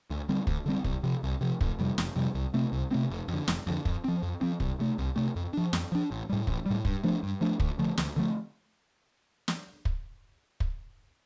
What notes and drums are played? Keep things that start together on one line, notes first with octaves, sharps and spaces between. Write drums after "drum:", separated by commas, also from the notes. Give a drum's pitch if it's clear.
D2
D3 G3 C4
D2, drum: kick
D3 G3 C4
C2, drum: kick
C3 F3
C2
C3 F3
F1, drum: kick
F2 C3 G3
F1, drum: snare
F2 C3 G3
C2
C3 A3 C4
C2
C3 A3 C4
F1
F2
D3
F1, drum: snare
F2 D3
F2, drum: kick
F3 C4
F2
F3 C4
C2, drum: kick
C3 A3
C2
C3 A3
F2
F3 D4
F2, drum: snare
F3 D4
A1
A2 G3
A1, drum: kick
A2 G3
G2, drum: kick
F3 A3 D4
G2
F3 A3 D4
D2, drum: kick
D3 F3 A3
D2, drum: snare
D3 F3 A3
drum: snare
drum: kick
drum: kick